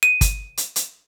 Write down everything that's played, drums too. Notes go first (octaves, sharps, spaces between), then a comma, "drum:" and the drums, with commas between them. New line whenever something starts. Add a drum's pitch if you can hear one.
D#7
drum: kick, hi-hat
drum: hi-hat
drum: hi-hat